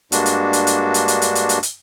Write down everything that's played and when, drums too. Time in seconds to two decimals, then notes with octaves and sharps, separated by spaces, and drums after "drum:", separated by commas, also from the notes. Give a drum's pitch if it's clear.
0.12 G2 G#3 A#3 D4 F#4, drum: hi-hat
0.26 drum: hi-hat
0.53 drum: hi-hat
0.67 drum: hi-hat
0.94 drum: hi-hat
1.08 drum: hi-hat
1.22 drum: hi-hat
1.35 drum: hi-hat
1.49 drum: hi-hat
1.63 drum: hi-hat